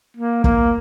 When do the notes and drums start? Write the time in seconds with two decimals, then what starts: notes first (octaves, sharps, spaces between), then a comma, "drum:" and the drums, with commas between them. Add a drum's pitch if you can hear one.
0.17 A#3
0.44 A#3, drum: kick